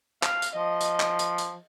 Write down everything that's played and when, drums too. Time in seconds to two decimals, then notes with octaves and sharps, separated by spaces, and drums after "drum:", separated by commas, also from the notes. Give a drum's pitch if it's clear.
0.23 F5, drum: clap
0.42 drum: tambourine
0.57 F3 D#5
0.81 drum: tambourine
1.00 drum: clap
1.19 drum: tambourine
1.38 drum: tambourine